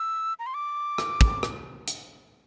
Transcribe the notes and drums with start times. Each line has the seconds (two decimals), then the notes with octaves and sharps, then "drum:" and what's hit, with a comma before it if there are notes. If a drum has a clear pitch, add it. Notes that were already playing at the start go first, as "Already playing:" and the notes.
Already playing: E6
0.39 A#5
0.46 C6
0.54 D6
0.98 drum: rim click
1.21 drum: kick
1.43 drum: rim click
1.88 drum: hi-hat